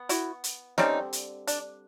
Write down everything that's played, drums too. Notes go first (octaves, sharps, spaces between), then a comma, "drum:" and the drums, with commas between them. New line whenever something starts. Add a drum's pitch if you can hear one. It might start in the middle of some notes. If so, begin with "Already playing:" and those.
Already playing: B3
E4 F#4, drum: hi-hat
drum: hi-hat
D3 G3 C4 C#4 D#4, drum: snare
drum: hi-hat
D4, drum: hi-hat